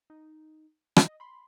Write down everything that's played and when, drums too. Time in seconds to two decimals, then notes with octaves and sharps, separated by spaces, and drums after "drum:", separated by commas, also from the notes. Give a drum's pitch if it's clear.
0.10 D#4
0.96 D#5, drum: rim click
1.20 B5 C6